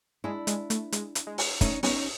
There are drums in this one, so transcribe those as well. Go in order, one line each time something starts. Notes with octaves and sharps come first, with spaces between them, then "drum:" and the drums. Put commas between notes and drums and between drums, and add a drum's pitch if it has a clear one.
G#3 D4 E4
G#3, drum: hi-hat
A3, drum: hi-hat
G#3, drum: hi-hat
drum: hi-hat
G#3
drum: open hi-hat
A3 C#4 D#4, drum: kick, hi-hat
B3 C#4 D#4, drum: open hi-hat